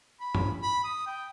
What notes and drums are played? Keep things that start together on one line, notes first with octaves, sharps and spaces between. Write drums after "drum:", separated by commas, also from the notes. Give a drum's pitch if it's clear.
B5
drum: tom
B5
D#6
G5